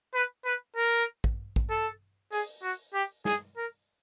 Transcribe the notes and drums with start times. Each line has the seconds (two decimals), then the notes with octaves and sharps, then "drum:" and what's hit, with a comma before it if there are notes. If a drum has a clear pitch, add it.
0.14 B4
0.45 B4
0.76 A#4
1.24 drum: kick
1.56 drum: kick
1.70 A4
2.32 G#4, drum: open hi-hat
2.62 F#4
2.94 G4
3.25 G#4, drum: snare
3.57 A#4